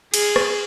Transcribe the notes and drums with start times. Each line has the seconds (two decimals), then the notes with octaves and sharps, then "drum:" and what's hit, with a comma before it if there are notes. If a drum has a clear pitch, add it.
0.14 G#4, drum: cymbal
0.36 drum: rim click